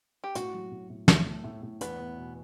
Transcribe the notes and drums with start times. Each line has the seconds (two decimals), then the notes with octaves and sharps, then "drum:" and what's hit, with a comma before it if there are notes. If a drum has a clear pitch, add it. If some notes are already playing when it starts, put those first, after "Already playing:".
0.24 G4
0.35 A2 F#4, drum: hi-hat
0.54 F#3
0.71 A2
0.90 A2
1.08 A2 A3, drum: snare
1.26 A2
1.44 A2
1.63 A2
1.81 E2 B3, drum: hi-hat
1.99 E2
2.17 B2